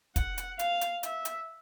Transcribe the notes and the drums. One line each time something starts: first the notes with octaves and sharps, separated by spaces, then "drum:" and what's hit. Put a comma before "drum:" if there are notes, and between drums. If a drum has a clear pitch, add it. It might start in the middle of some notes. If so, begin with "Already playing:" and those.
F#5, drum: kick, hi-hat
drum: hi-hat
F5, drum: hi-hat
drum: hi-hat
E5, drum: hi-hat
drum: hi-hat